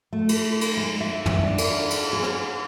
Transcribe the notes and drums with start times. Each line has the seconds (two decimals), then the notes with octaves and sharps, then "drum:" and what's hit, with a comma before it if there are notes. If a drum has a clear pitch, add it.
0.13 A3
0.29 drum: cymbal
0.61 drum: cymbal
0.77 G#3
1.01 E5
1.26 drum: tom
1.43 D4
1.58 drum: cymbal
1.90 drum: cymbal
2.13 G#4
2.23 drum: rim click